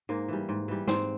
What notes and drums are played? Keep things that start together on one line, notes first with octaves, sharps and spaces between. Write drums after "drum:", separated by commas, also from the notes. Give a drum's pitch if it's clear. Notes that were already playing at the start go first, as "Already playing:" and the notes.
G#2 A#3
E3 G3
G#2
E3 G3
G#2 C4, drum: snare